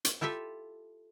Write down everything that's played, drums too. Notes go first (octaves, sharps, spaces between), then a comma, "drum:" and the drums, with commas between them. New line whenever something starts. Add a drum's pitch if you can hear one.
drum: hi-hat
E4 F4 G4 A4 E5